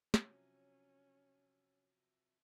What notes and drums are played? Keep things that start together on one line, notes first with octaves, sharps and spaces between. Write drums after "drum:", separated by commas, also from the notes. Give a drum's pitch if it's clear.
C3 F3 F#3 C#4, drum: snare